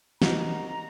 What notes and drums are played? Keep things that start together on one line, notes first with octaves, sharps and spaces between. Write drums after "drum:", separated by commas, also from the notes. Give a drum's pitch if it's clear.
G3 A#3 D#4 F#4 A#5, drum: snare